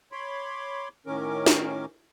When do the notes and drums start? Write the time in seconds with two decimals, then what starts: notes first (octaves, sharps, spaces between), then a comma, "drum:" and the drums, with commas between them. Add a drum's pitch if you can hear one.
0.12 C#5 B5 C6 D6
1.06 A2 D#3 C#4 A#4 D6
1.46 drum: snare